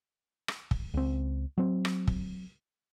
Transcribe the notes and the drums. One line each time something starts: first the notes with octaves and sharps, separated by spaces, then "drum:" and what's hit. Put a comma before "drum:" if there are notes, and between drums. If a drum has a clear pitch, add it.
drum: rim click
drum: kick
C#2 C4
F#3 C4
drum: rim click
drum: kick